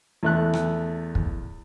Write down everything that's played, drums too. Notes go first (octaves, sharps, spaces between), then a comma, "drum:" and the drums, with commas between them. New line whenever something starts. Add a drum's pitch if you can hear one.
E2 A3 F#6
drum: rim click
drum: kick